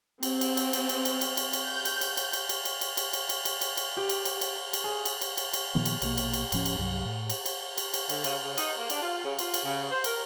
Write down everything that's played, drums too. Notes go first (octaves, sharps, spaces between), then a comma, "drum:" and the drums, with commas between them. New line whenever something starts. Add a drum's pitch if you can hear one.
C4, drum: cymbal
drum: cymbal
drum: cymbal
drum: cymbal
drum: cymbal
drum: cymbal
drum: cymbal
drum: cymbal
drum: cymbal
G6
drum: cymbal
drum: cymbal
drum: cymbal
drum: cymbal
drum: cymbal
drum: cymbal
drum: cymbal
drum: cymbal
drum: cymbal
drum: cymbal
drum: cymbal
drum: cymbal
drum: cymbal
G4
drum: cymbal
drum: cymbal
drum: cymbal
drum: cymbal
G#4
drum: cymbal
drum: cymbal
drum: cymbal
drum: cymbal
A#2 D#3 F3 B3
drum: cymbal
A#1 B2 F3 A#3, drum: cymbal
drum: cymbal
drum: cymbal
D#1 A2 F3 C#4, drum: cymbal
drum: cymbal
C2 G2 C3 F#3
A2
drum: cymbal
drum: cymbal
drum: cymbal
drum: cymbal
D3, drum: cymbal
C#3, drum: cymbal
C#3
D#4, drum: cymbal
A#3
D4, drum: cymbal
F4
C#3
F4, drum: cymbal
drum: cymbal
C#3
C5
A#4, drum: cymbal